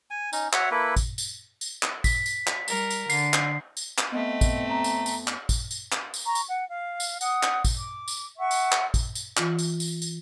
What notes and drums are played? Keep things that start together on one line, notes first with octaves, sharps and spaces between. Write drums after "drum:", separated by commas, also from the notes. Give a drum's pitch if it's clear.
G#5
C#4 D#4, drum: tambourine
F#4 C#5 E5 F#5, drum: clap
A#3 E4 A4 B4
drum: kick A1, tambourine
drum: tambourine
drum: tambourine
drum: clap
B6, drum: kick A1, tambourine
drum: tambourine
drum: clap
G3 A#4, drum: tambourine
drum: tambourine
D3 C7, drum: tambourine
drum: clap
drum: tambourine
drum: clap
A3 B3 C4 D#5 F5
drum: kick A1, tambourine
F2 A#5
drum: tambourine
drum: tambourine
drum: clap
drum: kick A1, tambourine
drum: tambourine
drum: clap
drum: tambourine
A#5 C#6
drum: tambourine
F#5
F5
drum: tambourine
F#5 D#6, drum: tambourine
drum: clap
drum: kick A1, tambourine
D6
drum: tambourine
E5 F#5 C#6
drum: tambourine
drum: clap
drum: kick A1, tambourine
drum: tambourine
E3 F4, drum: clap
drum: tambourine
drum: tambourine
drum: tambourine